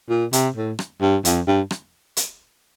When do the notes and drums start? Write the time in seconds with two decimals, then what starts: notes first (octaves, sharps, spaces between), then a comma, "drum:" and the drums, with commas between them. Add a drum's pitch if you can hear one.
0.10 A#2
0.33 C3, drum: hi-hat
0.56 A2
0.79 drum: rim click
1.01 G2
1.25 F2, drum: hi-hat
1.47 G2
1.71 drum: rim click
2.17 drum: hi-hat